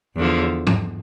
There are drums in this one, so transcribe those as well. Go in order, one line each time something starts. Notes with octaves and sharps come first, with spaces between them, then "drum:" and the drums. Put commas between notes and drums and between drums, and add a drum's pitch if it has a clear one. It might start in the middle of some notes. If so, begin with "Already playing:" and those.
E2 D3 F3
drum: tom